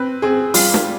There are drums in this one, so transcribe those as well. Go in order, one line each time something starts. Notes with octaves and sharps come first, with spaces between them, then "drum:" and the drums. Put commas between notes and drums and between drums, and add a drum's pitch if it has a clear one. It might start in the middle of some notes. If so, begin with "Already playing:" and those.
Already playing: C4 B4
C4 G#4
G3 F4, drum: open hi-hat
drum: snare